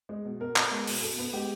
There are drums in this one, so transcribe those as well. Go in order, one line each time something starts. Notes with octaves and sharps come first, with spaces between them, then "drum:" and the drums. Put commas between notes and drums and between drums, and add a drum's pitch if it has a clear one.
G#3
B2
B2 A#4
B3, drum: clap
G#3
B2, drum: open hi-hat
B2 A4
B3
G#3 G4